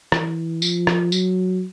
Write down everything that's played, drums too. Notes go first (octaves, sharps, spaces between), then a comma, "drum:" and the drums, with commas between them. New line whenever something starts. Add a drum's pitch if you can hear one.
E3, drum: rim click
F3, drum: tambourine
drum: rim click
F#3, drum: tambourine